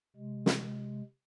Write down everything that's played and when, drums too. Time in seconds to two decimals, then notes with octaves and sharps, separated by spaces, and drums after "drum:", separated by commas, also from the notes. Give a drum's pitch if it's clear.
0.16 C3 G#3
0.46 drum: snare